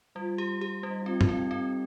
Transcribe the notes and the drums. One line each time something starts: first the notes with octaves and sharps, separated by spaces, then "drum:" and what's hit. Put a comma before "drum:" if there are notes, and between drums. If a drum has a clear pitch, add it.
G3 F4
G4
G4
G3
D#4
F4
C4
G4
A4, drum: tom G2
C4
G4
C4